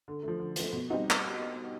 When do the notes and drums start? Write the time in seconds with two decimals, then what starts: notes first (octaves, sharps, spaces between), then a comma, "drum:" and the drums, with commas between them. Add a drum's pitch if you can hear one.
0.08 D3
0.23 F3 A3
0.40 D3
0.56 F3 A3, drum: hi-hat
0.73 B2
0.90 G3 C4 D#4 F#4
1.11 drum: clap